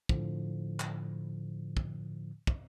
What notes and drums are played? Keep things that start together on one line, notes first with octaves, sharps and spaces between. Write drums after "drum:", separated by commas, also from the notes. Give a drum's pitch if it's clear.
A2 D3 F3, drum: kick
drum: clap
drum: kick
drum: kick